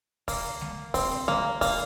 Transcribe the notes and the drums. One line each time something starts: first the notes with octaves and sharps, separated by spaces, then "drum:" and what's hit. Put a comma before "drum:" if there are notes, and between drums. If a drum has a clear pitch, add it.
A#3, drum: kick C#2, open hi-hat
drum: snare G#3
C4, drum: kick C#2, open hi-hat
A#3, drum: snare G#3
A#3, drum: kick C#2, open hi-hat